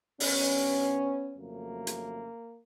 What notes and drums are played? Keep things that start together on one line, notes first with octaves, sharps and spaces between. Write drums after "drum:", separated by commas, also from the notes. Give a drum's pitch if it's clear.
G2 D#3 G3 B3 C#4, drum: open hi-hat
F2 C#3 F#3 A3 A#3
drum: hi-hat